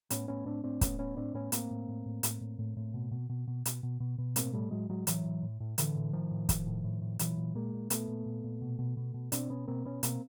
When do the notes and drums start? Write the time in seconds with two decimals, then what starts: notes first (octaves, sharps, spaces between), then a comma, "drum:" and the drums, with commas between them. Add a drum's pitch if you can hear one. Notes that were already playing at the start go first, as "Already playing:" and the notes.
0.10 A2 B3 C#4, drum: hi-hat
0.28 A2 B3 C#4
0.46 A2 C4 D4
0.64 A2 C4 D4
0.81 A2 B3 C#4, drum: kick, hi-hat
0.99 A2 B3 C#4
1.17 A2 C4 D4
1.34 A2 B3 C#4
1.52 A2 A#3 C4, drum: hi-hat
1.71 A2
1.88 A2
2.06 A2
2.23 A2, drum: hi-hat
2.41 A2
2.59 A2
2.77 A2
2.94 B2
3.11 B2
3.30 B2
3.48 B2
3.65 B2, drum: hi-hat
3.83 B2
4.00 B2
4.18 B2
4.36 A2 A#3 C4, drum: hi-hat
4.53 A2 G3 A3
4.71 A2 F#3 G#3
4.89 A2 F#3 G#3
5.07 A2 E3 F#3, drum: hi-hat
5.25 A2
5.43 A2
5.60 A2
5.78 A2 D3 E3, drum: hi-hat
5.95 A2
6.13 A2 D#3 F3
6.31 A2
6.49 A2, drum: kick, hi-hat
6.67 A2
6.84 A2
7.01 A2
7.19 A#2 E3 F#3, drum: hi-hat
7.37 A#2
7.54 A#2 G#3 A#3
7.73 A#2
7.90 A#2 A3 B3, drum: hi-hat
8.08 A#2
8.26 A#2
8.44 A#2
8.62 B2
8.79 B2
8.97 B2
9.14 B2
9.32 B2 C4 D4, drum: hi-hat
9.50 B2 B3 C#4
9.68 B2 A#3 C4
9.85 B2 B3 C#4
10.03 B2 A#3 C4, drum: hi-hat